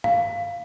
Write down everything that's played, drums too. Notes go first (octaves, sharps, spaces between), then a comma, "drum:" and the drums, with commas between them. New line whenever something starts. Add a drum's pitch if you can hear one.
F5, drum: tom